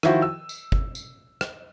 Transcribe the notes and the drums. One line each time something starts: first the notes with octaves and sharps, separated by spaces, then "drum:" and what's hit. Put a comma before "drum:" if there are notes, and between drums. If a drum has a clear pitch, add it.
D#3 F3 E4 F#4 C5, drum: rim click
E6
drum: tambourine
drum: kick
drum: tambourine
drum: rim click